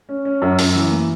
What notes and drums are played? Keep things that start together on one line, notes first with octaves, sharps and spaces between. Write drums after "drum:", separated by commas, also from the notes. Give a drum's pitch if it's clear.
C#4
C#4
F#2
F#2, drum: open hi-hat
E3
A#3